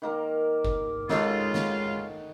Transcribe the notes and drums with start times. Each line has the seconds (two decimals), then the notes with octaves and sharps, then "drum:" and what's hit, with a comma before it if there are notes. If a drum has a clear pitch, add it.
0.02 D#3 A#3 A#4
0.65 drum: kick F#1
1.09 C#3 G#3 D#4 F4 F#4 A4, drum: snare
1.54 drum: snare